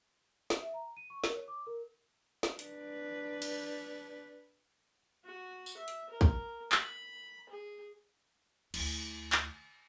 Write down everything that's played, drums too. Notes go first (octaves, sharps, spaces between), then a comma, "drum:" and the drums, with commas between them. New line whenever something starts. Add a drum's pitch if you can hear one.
drum: snare
E5
A#5
D#7
C#6
A#4, drum: snare
C#5
D6
A#4
drum: snare
D4 B4, drum: hi-hat
drum: cymbal
F#4
drum: tambourine
E5
drum: hi-hat
A#4
drum: kick
B5, drum: clap
G#4
D2 E4, drum: cymbal
drum: clap